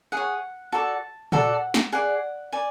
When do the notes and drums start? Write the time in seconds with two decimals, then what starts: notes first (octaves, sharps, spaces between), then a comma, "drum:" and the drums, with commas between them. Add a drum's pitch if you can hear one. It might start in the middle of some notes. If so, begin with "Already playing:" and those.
0.12 G#4 C#5 F#5
0.72 F#4 A4 D5 A5
1.32 F#4 A4 D5 F#5, drum: tom A#2
1.74 drum: snare
1.92 G#4 D5 F#5
2.52 D5 G#5